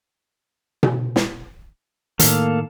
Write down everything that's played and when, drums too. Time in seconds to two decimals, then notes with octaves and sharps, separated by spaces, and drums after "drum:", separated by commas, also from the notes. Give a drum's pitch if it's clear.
0.83 drum: tom B2
1.16 drum: snare
2.19 A2 D#3 A#3 A4 F5, drum: hi-hat